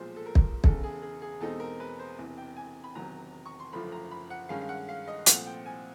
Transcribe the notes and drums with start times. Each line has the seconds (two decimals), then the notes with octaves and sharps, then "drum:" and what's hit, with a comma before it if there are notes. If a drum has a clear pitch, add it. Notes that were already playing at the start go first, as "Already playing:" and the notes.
Already playing: B1 A#2 F3 G#3 C5
0.16 A4
0.26 A#4
0.35 drum: kick
0.64 E1 E2 C#3 A4, drum: kick
0.84 G#4
1.02 G#4
1.22 G#4
1.41 E2 B2 G#3 C4 D#4 A4
1.60 A#4
1.80 B4
1.99 C5
2.18 E1 E2 C3 E3
2.38 G5
2.57 G#5
2.84 B5
2.95 E1 E2 C3 D#3 F#3 A#5
3.46 C#6
3.60 C6
3.73 F#1 F#2 D3 F3 A3 B5
3.92 A#5
4.11 B5
4.30 F#5
4.49 G2 D#3 G#3 C#4 F5
4.61 F5
4.69 F#5
4.89 F5
5.08 D#5
5.26 C2 A#2 F3 A3 C4 F#5, drum: hi-hat
5.47 G5
5.66 G#5